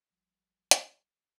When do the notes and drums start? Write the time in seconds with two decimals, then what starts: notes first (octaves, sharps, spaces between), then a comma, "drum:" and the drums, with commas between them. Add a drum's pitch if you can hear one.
0.10 A1 F3 G3
0.71 drum: hi-hat